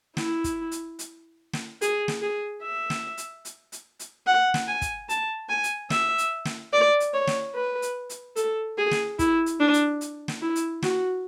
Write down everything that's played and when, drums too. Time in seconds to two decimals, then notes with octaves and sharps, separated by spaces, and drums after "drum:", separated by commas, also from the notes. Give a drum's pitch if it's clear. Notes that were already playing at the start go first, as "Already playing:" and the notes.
0.17 E4, drum: snare
0.44 drum: kick, hi-hat
0.71 drum: hi-hat
0.99 drum: hi-hat
1.53 drum: snare
1.81 G#4, drum: hi-hat
2.08 drum: snare
2.22 G#4
2.63 E5
2.90 drum: snare
3.18 drum: hi-hat
3.45 drum: hi-hat
3.72 drum: hi-hat
4.00 drum: hi-hat
4.27 F#5
4.54 drum: snare
4.68 G#5
4.82 drum: kick, hi-hat
5.09 A5, drum: hi-hat
5.49 G#5
5.64 drum: hi-hat
5.90 E5, drum: snare
6.18 drum: hi-hat
6.46 drum: snare
6.73 D5
7.00 drum: hi-hat
7.14 C#5
7.28 drum: snare
7.55 B4
7.82 drum: hi-hat
8.10 drum: hi-hat
8.36 A4, drum: hi-hat
8.78 G#4
8.92 drum: snare
9.19 E4, drum: kick, hi-hat
9.46 drum: hi-hat
9.60 D4
9.74 drum: hi-hat
10.01 drum: hi-hat
10.28 drum: snare
10.42 E4
10.56 drum: hi-hat
10.83 F#4, drum: snare